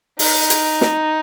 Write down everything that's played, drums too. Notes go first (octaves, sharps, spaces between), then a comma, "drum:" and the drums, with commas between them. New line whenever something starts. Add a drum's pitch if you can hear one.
D#4, drum: open hi-hat
drum: hi-hat
drum: snare